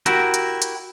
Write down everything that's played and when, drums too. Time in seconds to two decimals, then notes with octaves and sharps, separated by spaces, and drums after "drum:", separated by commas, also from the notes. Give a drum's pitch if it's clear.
0.06 E4 F#4 G4 A#4, drum: hi-hat
0.34 drum: hi-hat
0.62 drum: hi-hat